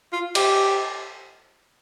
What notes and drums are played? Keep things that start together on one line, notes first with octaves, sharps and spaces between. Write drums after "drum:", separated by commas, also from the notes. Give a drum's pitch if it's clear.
F4
G4, drum: cymbal